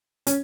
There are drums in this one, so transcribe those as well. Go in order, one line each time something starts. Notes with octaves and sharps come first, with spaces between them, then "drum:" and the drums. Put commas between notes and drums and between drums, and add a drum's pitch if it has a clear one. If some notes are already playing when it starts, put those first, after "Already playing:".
C#4, drum: hi-hat